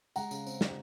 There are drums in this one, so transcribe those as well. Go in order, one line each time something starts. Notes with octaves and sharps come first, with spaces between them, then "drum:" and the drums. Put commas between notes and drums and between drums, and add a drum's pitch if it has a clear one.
G#3 F#5 A#5, drum: tambourine
C#3, drum: tambourine
C4, drum: tambourine
drum: snare